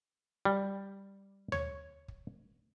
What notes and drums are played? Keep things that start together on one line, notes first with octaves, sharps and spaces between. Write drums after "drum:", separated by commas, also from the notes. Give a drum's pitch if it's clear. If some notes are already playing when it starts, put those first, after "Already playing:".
G3
C#5, drum: tom D2
drum: kick